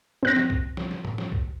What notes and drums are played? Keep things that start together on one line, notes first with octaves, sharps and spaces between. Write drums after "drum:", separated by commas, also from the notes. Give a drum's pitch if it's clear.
C4 F#6 A#6, drum: tom A#2
drum: snare
drum: kick B1
drum: snare
drum: snare
drum: tom
drum: snare
drum: kick B1